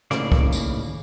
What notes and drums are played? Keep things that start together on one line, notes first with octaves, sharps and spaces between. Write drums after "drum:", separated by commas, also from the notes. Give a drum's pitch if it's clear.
D#2 A2 C#3 A#3 D5, drum: snare
drum: kick
drum: tambourine